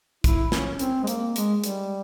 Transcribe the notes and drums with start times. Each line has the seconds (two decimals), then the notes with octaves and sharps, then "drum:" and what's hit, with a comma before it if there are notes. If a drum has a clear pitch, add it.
0.24 E4, drum: kick, hi-hat
0.52 C#4, drum: snare
0.79 C4, drum: hi-hat
1.04 G#3
1.07 A#3, drum: hi-hat
1.36 G#3, drum: hi-hat
1.64 G3, drum: hi-hat